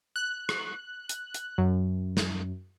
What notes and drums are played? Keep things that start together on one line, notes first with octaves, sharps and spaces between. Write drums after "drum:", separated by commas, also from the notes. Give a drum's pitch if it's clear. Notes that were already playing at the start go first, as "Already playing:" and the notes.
F#6
drum: rim click
drum: hi-hat
drum: hi-hat
F#2
drum: snare